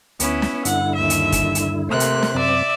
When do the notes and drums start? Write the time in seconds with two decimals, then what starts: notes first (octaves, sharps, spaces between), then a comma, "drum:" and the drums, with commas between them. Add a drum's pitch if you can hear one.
0.20 D2 B3 C#4 E4, drum: hi-hat
0.42 drum: snare
0.65 G2 D3 E4 F#5, drum: hi-hat
0.95 D#2 E5
1.10 drum: hi-hat
1.32 drum: kick, hi-hat
1.55 drum: hi-hat
1.89 C3 A3 A#3 C5 F#6
2.00 drum: hi-hat
2.23 drum: snare
2.35 F#2 C3 C4 D5 E5